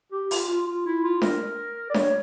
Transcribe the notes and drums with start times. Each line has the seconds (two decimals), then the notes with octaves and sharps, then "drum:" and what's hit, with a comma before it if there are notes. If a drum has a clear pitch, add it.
0.12 G4
0.31 F4, drum: open hi-hat
0.48 F4
0.67 F4
0.86 E4
1.04 F4
1.22 A#4, drum: snare D4
1.90 D5
1.94 C#5, drum: snare D4